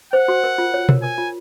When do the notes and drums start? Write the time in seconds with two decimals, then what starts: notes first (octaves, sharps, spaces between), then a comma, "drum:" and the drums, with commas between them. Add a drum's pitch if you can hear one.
0.13 C5 F#5
0.28 F#4
0.44 A#4
0.58 F4
0.74 C#5
0.89 A#4, drum: tom B2
1.02 A#4 G#5
1.18 F4